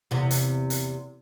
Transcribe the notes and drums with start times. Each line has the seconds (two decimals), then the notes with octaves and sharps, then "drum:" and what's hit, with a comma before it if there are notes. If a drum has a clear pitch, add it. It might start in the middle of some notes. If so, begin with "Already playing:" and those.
0.11 E2 C3
0.31 drum: hi-hat
0.70 drum: hi-hat